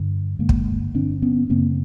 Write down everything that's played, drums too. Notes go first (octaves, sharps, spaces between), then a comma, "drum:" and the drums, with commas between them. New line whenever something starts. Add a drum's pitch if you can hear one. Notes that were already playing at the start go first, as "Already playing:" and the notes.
Already playing: G2 D3
G2 D3 G#3 A#3
drum: kick
G2 D3 C4 D4
B3 C#4
F#2 C#3 A#3 C4